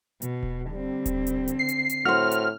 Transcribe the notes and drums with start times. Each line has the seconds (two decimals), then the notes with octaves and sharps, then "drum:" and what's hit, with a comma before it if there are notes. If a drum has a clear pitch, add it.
0.22 B2, drum: hi-hat
0.43 drum: kick D#1
0.72 D3 G3 C4
1.06 drum: kick D#1, hi-hat
1.27 drum: hi-hat
1.48 drum: hi-hat
1.59 C7
1.69 drum: hi-hat
1.90 drum: hi-hat
2.05 A2 F#4 C5 F6
2.31 drum: hi-hat